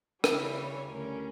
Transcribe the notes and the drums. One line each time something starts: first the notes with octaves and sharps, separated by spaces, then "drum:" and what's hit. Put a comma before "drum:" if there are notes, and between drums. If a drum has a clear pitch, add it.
C#3 E3 G3 E5, drum: rim click
C#5
D2 D3 G3 C#4 A#4